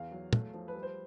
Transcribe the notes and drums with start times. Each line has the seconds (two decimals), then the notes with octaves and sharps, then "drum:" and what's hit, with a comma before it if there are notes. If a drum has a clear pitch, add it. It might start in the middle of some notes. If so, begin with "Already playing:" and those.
Already playing: E2 F5
0.11 F#3
0.33 A3, drum: tom
0.54 F3
0.68 B4
0.75 G3
0.83 C5